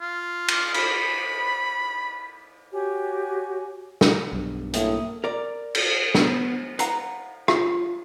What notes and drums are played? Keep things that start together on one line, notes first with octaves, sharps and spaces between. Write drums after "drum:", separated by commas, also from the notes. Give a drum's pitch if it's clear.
F4
drum: cymbal
B5, drum: cymbal
F#4 G4 C#5 G#5
drum: snare
B1 G2
A2 A#3 E5 D#6, drum: hi-hat
A#4 D5
drum: cymbal
B3, drum: snare
B4 F5 F#5 A#5, drum: hi-hat
F4, drum: rim click